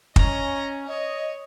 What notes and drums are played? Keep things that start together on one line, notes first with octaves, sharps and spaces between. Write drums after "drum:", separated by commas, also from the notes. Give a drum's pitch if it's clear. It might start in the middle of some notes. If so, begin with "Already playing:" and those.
C#4 D#5 A#5, drum: kick
C#5 D#5